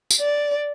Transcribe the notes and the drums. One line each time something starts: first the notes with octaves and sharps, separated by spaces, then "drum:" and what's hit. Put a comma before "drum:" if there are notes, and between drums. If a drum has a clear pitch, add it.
drum: tambourine
D5